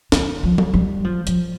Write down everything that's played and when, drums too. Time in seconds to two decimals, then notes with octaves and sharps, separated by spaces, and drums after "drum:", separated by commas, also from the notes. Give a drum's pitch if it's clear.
0.12 D3, drum: snare
0.43 F3
0.58 drum: tom F#3
0.74 G3
1.04 F3
1.27 F3, drum: hi-hat